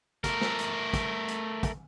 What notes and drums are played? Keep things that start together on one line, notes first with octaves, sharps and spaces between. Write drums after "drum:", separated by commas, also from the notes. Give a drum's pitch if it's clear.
A3 A#4, drum: kick, hi-hat
drum: snare
drum: hi-hat
drum: kick, hi-hat
drum: hi-hat
drum: kick, hi-hat